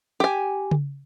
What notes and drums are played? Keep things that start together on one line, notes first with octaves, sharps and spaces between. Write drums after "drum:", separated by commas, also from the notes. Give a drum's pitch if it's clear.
G4 G#5
drum: tom C#3